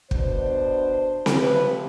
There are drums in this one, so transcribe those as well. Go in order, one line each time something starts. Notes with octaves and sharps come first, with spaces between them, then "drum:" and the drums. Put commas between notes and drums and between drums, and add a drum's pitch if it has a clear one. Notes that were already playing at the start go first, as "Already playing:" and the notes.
B2 B3 D4 C5, drum: kick
drum: snare C4
C3 F3 C4 B4